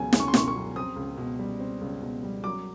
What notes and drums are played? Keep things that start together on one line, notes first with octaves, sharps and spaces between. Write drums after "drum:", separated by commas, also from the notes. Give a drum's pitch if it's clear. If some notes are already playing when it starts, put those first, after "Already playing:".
Already playing: C#2 B2 F#3 G#5
C#2, drum: snare
C#6
C6
B2 C#6, drum: snare
C#6
F#3
C4 D#6
C#2
B2
G3
C4
C#2
B2
G3
F#3 D6